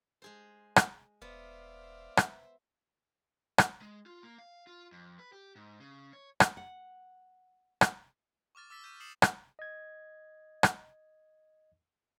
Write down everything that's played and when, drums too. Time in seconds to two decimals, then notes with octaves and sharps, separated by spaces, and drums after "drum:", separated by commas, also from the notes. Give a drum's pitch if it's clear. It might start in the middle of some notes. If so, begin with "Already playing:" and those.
0.22 G#3 G#4 C5
0.76 drum: rim click
1.22 E1 B3 C5 D5 E5 F5
2.17 drum: rim click
3.58 drum: rim click
3.82 G#3
4.06 F4
4.23 A#3
4.38 F5
4.67 F4
4.92 F2
5.19 B4
5.32 G4
5.55 G#2
5.80 C#3
6.13 C#5
6.40 drum: rim click
6.57 F#5
7.81 drum: rim click
8.55 C#6 D6 F6 A6
8.70 D6 E6 A6 B6
8.84 G6 B6 D#7
9.00 D#6 G6 C7 C#7 E7 F#7
9.22 drum: rim click
9.59 D#5 G#6
10.63 drum: rim click